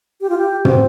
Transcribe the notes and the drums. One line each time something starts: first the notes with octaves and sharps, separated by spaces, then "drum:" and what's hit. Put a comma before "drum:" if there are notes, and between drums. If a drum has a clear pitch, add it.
G4
F4
G4
C4, drum: tom